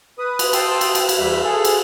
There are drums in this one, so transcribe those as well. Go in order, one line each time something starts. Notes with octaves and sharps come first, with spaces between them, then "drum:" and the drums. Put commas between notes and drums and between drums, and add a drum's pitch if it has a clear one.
B4 D#6
drum: cymbal
G5 A5 C6 D#6 E6, drum: cymbal
drum: cymbal
drum: cymbal
drum: cymbal
E2 G3 E5
G#4 A4
drum: cymbal